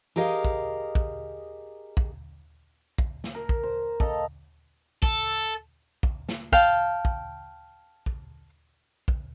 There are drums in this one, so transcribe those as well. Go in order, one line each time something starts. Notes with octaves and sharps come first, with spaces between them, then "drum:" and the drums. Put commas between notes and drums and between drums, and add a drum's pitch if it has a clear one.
G4 G#4 A#4 D#5 F5
drum: kick
drum: kick
drum: kick
drum: kick
drum: snare
A#4
drum: kick
C5
A4 D#5 F5, drum: kick
A4, drum: kick
drum: kick
drum: snare
F5 G5 A5, drum: kick
drum: kick
drum: kick
drum: kick